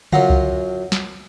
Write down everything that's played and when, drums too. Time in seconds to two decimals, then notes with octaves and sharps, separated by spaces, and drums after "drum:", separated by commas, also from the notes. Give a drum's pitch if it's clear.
0.13 F#2 F#3 F4 F5 F#5 A#5, drum: tom C#3
0.30 drum: kick C2
0.92 drum: snare